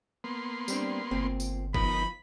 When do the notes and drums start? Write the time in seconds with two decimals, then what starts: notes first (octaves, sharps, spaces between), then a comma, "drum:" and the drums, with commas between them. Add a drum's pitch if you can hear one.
0.24 A#3 B3 C6
0.68 G3 C4 D4, drum: tambourine
1.11 G1 A#2 C4
1.40 drum: tambourine
1.74 F3 B3 D#4 A#4 B5, drum: kick